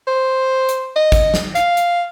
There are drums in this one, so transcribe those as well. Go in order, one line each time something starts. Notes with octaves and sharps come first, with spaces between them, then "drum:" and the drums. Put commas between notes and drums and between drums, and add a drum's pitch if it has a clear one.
C5
drum: hi-hat
D#5
drum: kick, hi-hat
drum: snare
F5, drum: hi-hat
drum: hi-hat